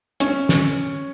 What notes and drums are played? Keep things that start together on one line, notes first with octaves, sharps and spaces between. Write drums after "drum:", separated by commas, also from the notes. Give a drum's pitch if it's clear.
C#4, drum: hi-hat
drum: snare